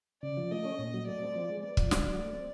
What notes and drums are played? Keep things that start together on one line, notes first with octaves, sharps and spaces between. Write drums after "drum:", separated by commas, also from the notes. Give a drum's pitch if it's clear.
C#3 D5
F3
A3 D#5
C#4
A#2
F#3
A3 D5
C4
F3
G#3
B3 D5
F3, drum: kick
D3, drum: snare
F#3
A3
C4